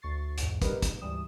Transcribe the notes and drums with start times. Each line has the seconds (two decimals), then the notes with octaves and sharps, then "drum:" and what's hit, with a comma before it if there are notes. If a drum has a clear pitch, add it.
0.02 D2 C#6 A6 C7
0.38 B1 E2 G#2, drum: hi-hat
0.62 F#3 G3 D#4 G4 A#4 B4, drum: kick, hi-hat
0.82 drum: kick, hi-hat
1.01 D2 G#2 E3 G3 D#6 E7